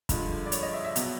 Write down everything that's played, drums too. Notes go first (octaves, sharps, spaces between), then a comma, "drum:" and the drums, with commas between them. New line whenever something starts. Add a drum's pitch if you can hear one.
G2 D3 F3 G#3, drum: kick, hi-hat
D5
C#5, drum: hi-hat
D#5
E5
E5
B2 F#3 B3, drum: hi-hat